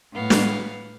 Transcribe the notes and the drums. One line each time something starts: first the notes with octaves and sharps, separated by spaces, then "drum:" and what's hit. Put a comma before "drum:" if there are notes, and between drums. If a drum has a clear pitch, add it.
A2 B3 F5
drum: snare